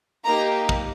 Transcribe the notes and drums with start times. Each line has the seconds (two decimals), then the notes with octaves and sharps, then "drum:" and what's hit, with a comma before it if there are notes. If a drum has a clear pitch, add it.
0.24 A#3 D#4 G4 A#5
0.69 drum: kick